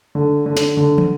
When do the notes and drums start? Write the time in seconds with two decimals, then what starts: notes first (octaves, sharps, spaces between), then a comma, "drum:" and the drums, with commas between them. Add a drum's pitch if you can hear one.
0.15 D3
0.46 D3
0.57 drum: snare
0.77 D3
0.98 drum: tom